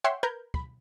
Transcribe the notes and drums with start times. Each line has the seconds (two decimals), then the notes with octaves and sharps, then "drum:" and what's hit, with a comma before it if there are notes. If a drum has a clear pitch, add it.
0.04 C#5 E5 F#5 G5 C6
0.23 A#4 B4 G6 G#6
0.54 B5, drum: kick